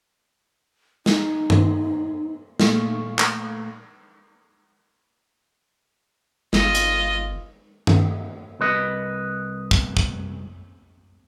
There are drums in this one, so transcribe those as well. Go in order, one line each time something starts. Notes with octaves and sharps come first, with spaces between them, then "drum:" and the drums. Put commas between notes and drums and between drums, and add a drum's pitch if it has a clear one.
D#4, drum: snare
drum: tom G2
A#2 A3 F5 C#6, drum: snare
drum: clap
G1 F4 D#5, drum: snare
drum: hi-hat
drum: tom G2
C2 B4 D#5
drum: kick
drum: kick